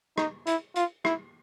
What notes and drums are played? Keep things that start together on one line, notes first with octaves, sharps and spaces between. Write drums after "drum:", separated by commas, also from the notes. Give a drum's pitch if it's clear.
D#4, drum: rim click
E4, drum: hi-hat
F4, drum: hi-hat
E4, drum: rim click